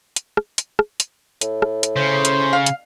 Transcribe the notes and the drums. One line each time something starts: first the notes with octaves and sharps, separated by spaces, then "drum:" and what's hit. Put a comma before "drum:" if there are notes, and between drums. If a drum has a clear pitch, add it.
drum: hi-hat
drum: rim click
drum: hi-hat
drum: rim click
drum: hi-hat
A2, drum: hi-hat
drum: rim click
drum: hi-hat
C#3 C5 C6
drum: hi-hat
F5
drum: hi-hat